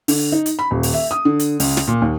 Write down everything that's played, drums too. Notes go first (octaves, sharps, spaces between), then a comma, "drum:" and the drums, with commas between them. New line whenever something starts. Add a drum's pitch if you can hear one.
D3, drum: open hi-hat
D#4
drum: hi-hat
B5
D#1
drum: open hi-hat
E5
D#6
D3
drum: hi-hat
C#2, drum: open hi-hat
drum: snare
A#2
D#2